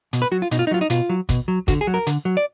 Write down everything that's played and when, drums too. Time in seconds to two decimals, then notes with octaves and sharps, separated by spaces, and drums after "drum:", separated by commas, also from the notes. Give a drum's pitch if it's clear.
0.13 B2, drum: hi-hat
0.22 B4
0.32 F#3 F#4
0.42 F4
0.51 B2 D#4, drum: hi-hat
0.59 F4
0.67 D#4
0.71 F#3 F4
0.81 D#4
0.90 B2 F4, drum: hi-hat
1.10 F#3
1.29 B2, drum: kick, hi-hat
1.48 F#3
1.68 D3 F#4, drum: kick, hi-hat
1.81 G#4
1.87 F#3
1.94 A#4
2.07 D3, drum: hi-hat
2.25 F#3
2.37 D5